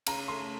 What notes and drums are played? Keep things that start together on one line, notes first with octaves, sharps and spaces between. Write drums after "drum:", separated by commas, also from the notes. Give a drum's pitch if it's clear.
C#3 A#5, drum: cymbal
A3 C6